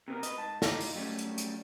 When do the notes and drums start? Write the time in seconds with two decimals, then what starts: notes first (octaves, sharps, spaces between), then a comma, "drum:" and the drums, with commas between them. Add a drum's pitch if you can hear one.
0.08 C3 B3 A#4
0.23 B4 D#5, drum: hi-hat
0.38 G#2 A5
0.62 D#4 F4 G4, drum: snare
0.80 drum: open hi-hat
0.95 F#3 G3 A3 C#4
1.19 drum: hi-hat
1.38 drum: hi-hat